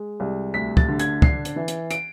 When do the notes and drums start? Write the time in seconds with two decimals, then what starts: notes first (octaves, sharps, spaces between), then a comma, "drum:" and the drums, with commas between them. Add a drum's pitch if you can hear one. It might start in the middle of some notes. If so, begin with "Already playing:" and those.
Already playing: G#3
0.20 C2
0.54 D2 B6
0.77 A6, drum: kick
0.88 D3
0.99 G#6, drum: hi-hat
1.22 D4 C7, drum: kick
1.45 drum: hi-hat
1.56 E3
1.68 drum: hi-hat
1.91 D7, drum: hi-hat